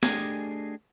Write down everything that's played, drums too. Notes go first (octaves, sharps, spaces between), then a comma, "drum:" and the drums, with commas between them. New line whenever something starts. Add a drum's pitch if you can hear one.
A3 D4 G4 G#4 D#5 G#5, drum: snare